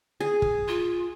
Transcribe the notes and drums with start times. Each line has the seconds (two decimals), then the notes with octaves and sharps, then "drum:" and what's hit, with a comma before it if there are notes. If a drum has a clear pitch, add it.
0.20 G#4
0.42 drum: kick
0.68 F4